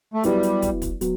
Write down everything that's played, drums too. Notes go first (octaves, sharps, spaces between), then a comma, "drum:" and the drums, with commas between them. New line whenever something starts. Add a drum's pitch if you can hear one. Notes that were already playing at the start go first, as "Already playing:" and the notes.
A3
F#3 G3 B3 E4 B4 D5, drum: hi-hat
drum: hi-hat
drum: kick, hi-hat
drum: kick, hi-hat
F#3 B3, drum: hi-hat